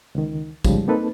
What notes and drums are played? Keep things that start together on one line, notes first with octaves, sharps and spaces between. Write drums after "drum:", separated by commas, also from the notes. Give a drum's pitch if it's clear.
C#2 D#3
G#2 C#3 F3 G3, drum: kick, tambourine
A#3 C4 D#4 A4 B4